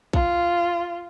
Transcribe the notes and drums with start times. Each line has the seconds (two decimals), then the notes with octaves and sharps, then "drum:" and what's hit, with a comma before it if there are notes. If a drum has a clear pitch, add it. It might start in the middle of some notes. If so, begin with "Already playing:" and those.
0.13 F4, drum: kick